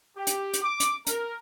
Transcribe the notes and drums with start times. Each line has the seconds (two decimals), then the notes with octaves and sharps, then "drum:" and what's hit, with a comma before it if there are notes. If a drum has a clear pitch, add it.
0.17 G4
0.27 drum: hi-hat
0.53 drum: hi-hat
0.62 D6
0.80 drum: hi-hat
1.07 A#4, drum: hi-hat